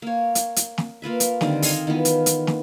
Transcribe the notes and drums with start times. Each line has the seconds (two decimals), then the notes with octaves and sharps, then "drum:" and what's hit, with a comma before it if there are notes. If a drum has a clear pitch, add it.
0.02 A#3 C#5
0.35 drum: hi-hat
0.56 drum: hi-hat
0.78 drum: snare
1.02 A#3 F4 B4 E5
1.20 drum: hi-hat
1.41 D3 D#3 G3 C4, drum: snare
1.62 A4 D#5 F5 G#5, drum: open hi-hat
1.87 D#3 E3 B3 F4
2.05 drum: hi-hat
2.26 drum: hi-hat
2.47 drum: snare